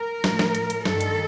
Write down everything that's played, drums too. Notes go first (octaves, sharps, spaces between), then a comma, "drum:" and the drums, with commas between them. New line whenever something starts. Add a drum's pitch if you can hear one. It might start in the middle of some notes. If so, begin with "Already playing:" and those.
Already playing: A#4
A2 F3, drum: snare
drum: snare
drum: hi-hat
drum: hi-hat
G2 D#3 A4, drum: snare
drum: hi-hat